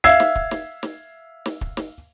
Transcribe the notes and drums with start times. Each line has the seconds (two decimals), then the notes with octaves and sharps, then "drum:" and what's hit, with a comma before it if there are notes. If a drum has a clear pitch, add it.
0.04 E5 F5 E6 G#6 C7
0.20 drum: snare
0.36 drum: kick
0.51 drum: snare
0.83 drum: snare
1.46 drum: snare
1.61 drum: kick
1.77 drum: snare